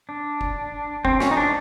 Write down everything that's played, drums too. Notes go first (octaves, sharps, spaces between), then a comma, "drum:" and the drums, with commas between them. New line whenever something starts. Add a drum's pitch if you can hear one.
D4
drum: kick
C4, drum: kick
C#4, drum: snare
D#4
D4